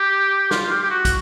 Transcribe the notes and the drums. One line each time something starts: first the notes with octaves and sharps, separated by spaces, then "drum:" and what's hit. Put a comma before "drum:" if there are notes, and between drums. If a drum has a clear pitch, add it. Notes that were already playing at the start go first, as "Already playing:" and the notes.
Already playing: G4
F4, drum: snare
G4
G4
F#4
drum: kick, hi-hat